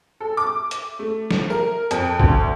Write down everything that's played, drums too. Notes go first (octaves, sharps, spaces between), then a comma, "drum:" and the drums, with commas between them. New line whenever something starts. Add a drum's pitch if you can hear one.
A4
D6
drum: hi-hat
A3
drum: snare
A#4
F2, drum: hi-hat
D2, drum: kick G#1